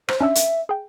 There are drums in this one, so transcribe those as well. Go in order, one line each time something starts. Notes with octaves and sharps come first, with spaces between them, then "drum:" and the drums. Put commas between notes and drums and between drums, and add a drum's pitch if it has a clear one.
C5, drum: rim click
C#4 D4 E5 E6
drum: hi-hat
G#4 G5